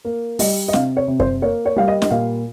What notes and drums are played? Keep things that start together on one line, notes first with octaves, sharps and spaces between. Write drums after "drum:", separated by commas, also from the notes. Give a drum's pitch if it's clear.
A#3
G3 D#5, drum: open hi-hat
D#5
C3 F5, drum: snare
C#5
C3
C5, drum: kick F#2
A#3 C#5
C#5
G3 F5
D#5
D#5, drum: snare
A#2 F5